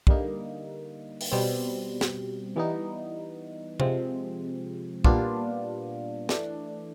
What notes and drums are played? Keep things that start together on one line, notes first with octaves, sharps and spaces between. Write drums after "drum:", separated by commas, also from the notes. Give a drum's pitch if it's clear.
D3 G3 A#3 D#4, drum: kick
drum: open hi-hat
B2 G3 C4
drum: snare
E3 G3 B3 D#4
C3 F3 G#3 C4, drum: tom C3
A#2 G3 B3 D4 F4, drum: kick
E3 A3 D4, drum: snare